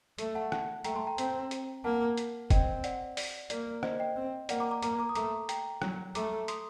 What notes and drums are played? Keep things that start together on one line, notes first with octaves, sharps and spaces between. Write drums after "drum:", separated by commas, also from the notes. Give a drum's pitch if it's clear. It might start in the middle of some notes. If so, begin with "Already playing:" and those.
A3, drum: hi-hat
F#5 A5
F#5 A5, drum: rim click
A3 G5 A#5, drum: hi-hat
A5 C6
G5 A#5
C4, drum: hi-hat
drum: hi-hat
A#3 F#5 A5
drum: hi-hat
C4 D#5 G5, drum: kick, hi-hat
D5 F#5, drum: hi-hat
D5, drum: open hi-hat
A#3 D5, drum: hi-hat
C5 D#5, drum: rim click
D#5 G5
C4
A#3 D5 F#5, drum: hi-hat
A#5 D6
A#5 D6
A#3 A#5 D6, drum: hi-hat
A#5 D6
D#6
A3 A#5 D6, drum: hi-hat
G5 A#5, drum: hi-hat
F#3, drum: rim click
A3 A#5 D6, drum: hi-hat
C6 D#6, drum: hi-hat